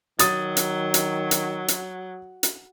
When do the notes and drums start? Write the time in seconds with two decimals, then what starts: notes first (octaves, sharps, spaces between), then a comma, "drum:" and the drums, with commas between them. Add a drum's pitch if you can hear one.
0.19 D#3 F#3 D#6 A6, drum: hi-hat
0.57 drum: hi-hat
0.94 drum: hi-hat
1.31 drum: hi-hat
1.68 drum: hi-hat
2.43 drum: hi-hat